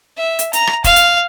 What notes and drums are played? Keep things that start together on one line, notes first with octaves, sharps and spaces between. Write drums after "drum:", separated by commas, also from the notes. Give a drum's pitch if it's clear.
E5
drum: hi-hat
A#5, drum: hi-hat
drum: rim click
F5, drum: kick, hi-hat
drum: hi-hat